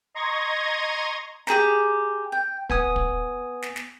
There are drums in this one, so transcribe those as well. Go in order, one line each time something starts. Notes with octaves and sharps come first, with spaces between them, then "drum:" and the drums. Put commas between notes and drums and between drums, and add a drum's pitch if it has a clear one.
D#5 A#5 C6 C#6 G#6 A#6
G4 G#4 C5 A#5, drum: snare
G5
B3 G#5 D#6, drum: kick
drum: kick
drum: snare
drum: snare